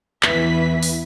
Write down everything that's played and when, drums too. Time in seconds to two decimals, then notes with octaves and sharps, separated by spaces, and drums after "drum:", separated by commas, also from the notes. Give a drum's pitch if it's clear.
0.23 E2 E3 B4 E5 B6, drum: clap
0.83 drum: open hi-hat